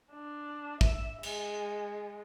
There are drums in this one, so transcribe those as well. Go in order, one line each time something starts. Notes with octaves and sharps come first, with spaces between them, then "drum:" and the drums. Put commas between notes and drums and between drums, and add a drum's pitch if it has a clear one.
D4
E5, drum: kick
G#3, drum: cymbal